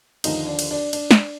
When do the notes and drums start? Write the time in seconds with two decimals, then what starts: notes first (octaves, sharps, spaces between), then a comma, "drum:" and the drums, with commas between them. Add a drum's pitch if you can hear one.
0.24 D#2 D3 F3 D#4, drum: cymbal
0.47 D4
0.59 drum: cymbal
0.71 D4
0.93 D4, drum: cymbal
1.11 drum: snare